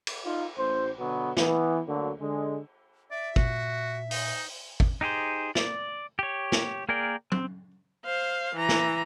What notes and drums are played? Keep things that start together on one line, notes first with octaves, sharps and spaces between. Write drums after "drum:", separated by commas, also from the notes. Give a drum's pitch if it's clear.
drum: cymbal
D#4 F4
A1 C5
B2 D3 F#3 B3
E3 B3, drum: snare
D2 D3 F#3 A#3
D3 G#3
D5 E5
A#2 F#4, drum: kick
D#4, drum: open hi-hat
drum: kick
D#4 G4 G#4 C5
D5, drum: snare
G4 C#5
drum: snare
A#3 G#4 A#4 D5 G5
C4, drum: tom
C5 F5
E3 A#5
drum: snare